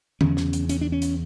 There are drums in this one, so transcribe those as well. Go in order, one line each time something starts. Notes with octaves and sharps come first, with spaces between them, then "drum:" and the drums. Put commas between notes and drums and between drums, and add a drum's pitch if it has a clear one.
E2 C#3 C#4, drum: tom D3
drum: snare
drum: hi-hat
C#4, drum: hi-hat
D4
C#4
drum: hi-hat